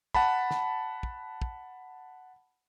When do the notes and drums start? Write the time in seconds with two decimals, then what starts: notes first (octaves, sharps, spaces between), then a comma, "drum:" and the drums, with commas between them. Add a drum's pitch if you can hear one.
0.14 F#5 A5 B5, drum: kick
0.51 drum: snare
1.03 drum: kick
1.42 drum: kick